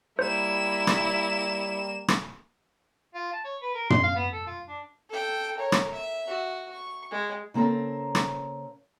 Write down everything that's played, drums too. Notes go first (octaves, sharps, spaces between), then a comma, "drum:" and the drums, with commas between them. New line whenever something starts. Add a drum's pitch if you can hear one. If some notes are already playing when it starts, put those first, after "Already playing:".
G3 A#3 E4 C5 E7
drum: rim click
drum: rim click
F4
A5
C#5
B4
A#4
C6, drum: tom
F5
B3
A4
F4
D4
A4 G5
A#4 C#5
drum: rim click
E5
F#4
C#6
G#3
C#3 A#3 C4 A4 A#4
drum: rim click